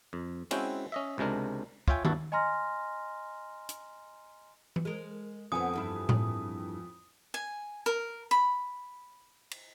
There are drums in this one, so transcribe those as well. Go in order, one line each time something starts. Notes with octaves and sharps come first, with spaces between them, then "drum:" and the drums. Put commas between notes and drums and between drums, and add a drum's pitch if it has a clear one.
F2
G#3 C4 C#4 E4 F#4 G5, drum: cymbal
C#4 D#5 E5
C#2 C3 G#3 D4 A#4
F4 C#5 E5 G5 G#5, drum: kick
G2 E4 F#4 A5, drum: tom D#3
D#5 G#5 A#5 C6 F6 A#6
drum: hi-hat
drum: tom E3
G#3 A#4
F2 D3 B3 C4 G#5 D#6
E2 G2 E4
drum: tom A2
G#5
A#4
B5
drum: cymbal